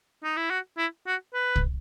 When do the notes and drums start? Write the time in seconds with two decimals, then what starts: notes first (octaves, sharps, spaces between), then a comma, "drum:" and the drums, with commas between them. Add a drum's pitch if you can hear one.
0.24 D#4
0.37 E4
0.50 F#4
0.78 E4
1.07 F#4
1.34 B4
1.56 drum: kick